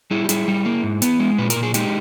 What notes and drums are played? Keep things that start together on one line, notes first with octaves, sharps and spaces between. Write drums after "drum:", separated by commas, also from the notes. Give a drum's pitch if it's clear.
G3 E4 G#4
G4
G3 E4 G#4, drum: hi-hat
G3
A#3
G#2
B3, drum: hi-hat
G#3
A#2 B4
A#4, drum: hi-hat
A#2
G#4
G#3 D#4 G4, drum: hi-hat